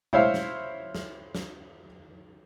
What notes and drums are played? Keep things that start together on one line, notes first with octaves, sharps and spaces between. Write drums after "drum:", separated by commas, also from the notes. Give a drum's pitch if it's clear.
E4 C5 C#5 E5 F5, drum: tom B2
drum: snare
drum: snare
drum: snare